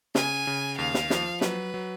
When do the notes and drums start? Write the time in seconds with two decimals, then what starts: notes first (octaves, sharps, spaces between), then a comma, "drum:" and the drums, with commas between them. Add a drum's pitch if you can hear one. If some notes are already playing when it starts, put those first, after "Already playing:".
0.15 C#3 G#5, drum: snare
0.47 C#3
0.78 D#2 F5
0.94 drum: snare
1.10 F3, drum: snare
1.41 F#3 B4, drum: snare
1.74 F#3